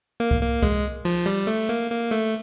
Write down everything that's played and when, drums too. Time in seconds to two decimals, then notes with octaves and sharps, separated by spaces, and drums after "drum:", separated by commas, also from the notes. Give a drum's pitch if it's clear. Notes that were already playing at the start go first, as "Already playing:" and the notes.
0.20 A#3
0.31 drum: kick C2
0.41 A#3
0.63 G#3, drum: kick C2
1.05 F3, drum: cymbal
1.26 G3
1.47 A3
1.69 A#3
1.91 A#3
2.11 A3